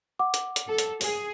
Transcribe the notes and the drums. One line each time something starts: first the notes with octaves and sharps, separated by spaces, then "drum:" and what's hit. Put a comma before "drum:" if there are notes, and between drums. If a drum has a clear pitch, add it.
F#5 D6
drum: hi-hat
drum: hi-hat
A4
drum: hi-hat
G#4, drum: open hi-hat